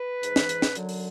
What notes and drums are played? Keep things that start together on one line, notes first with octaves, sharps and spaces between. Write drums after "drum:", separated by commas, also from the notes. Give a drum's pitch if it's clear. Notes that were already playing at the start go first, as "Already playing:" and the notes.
Already playing: B4
G#2 E3, drum: hi-hat
drum: snare
drum: hi-hat
drum: snare
F#2 D3 F#3, drum: hi-hat
drum: open hi-hat